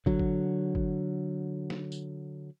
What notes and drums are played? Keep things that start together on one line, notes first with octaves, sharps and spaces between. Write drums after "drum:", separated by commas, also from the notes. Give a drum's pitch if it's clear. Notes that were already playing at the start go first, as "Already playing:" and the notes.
D3 F#3, drum: kick
drum: kick
drum: kick
drum: snare
drum: tambourine